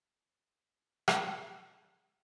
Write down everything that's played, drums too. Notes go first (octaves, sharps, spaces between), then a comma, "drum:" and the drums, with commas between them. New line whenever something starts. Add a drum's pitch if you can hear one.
B2 F3 G#3 B4
drum: rim click